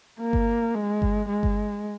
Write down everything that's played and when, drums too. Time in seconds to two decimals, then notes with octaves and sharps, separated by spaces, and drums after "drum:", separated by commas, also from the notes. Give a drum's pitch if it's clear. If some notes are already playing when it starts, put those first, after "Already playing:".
0.19 A#3
0.33 drum: kick G1
0.74 G#3
1.02 drum: kick G1
1.29 G#3
1.43 drum: kick G1